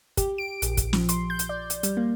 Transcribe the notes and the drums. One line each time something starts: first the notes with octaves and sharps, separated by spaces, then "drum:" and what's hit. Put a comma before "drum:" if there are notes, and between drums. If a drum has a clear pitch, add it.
G4, drum: kick, hi-hat
D7
A#1, drum: hi-hat
drum: kick, hi-hat
F3, drum: snare
C6, drum: hi-hat
G6
drum: hi-hat
D5
drum: hi-hat
G3, drum: hi-hat
A#3